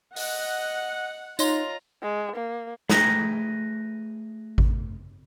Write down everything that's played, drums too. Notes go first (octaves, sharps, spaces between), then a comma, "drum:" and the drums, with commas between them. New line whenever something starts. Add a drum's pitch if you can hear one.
D#5 F#5, drum: open hi-hat
D#4 F4 C#5 D#5 A#5 C6, drum: tambourine
G#3
A#3
A3 G#4 B4 G5 A#5, drum: snare
drum: kick G#1